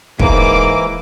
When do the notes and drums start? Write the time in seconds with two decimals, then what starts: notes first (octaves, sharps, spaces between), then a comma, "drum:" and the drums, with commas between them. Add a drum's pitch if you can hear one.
0.19 G#2 E3 A#3 D6, drum: kick